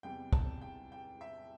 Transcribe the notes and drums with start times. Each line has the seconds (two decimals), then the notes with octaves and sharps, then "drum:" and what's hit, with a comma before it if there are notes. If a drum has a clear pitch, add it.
0.03 E2 C3 G3 G5
0.33 A5, drum: kick
0.61 G5
0.92 G5
1.21 E5